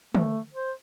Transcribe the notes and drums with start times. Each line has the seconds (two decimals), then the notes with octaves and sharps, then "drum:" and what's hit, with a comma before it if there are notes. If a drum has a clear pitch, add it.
0.15 A3, drum: tom
0.53 C5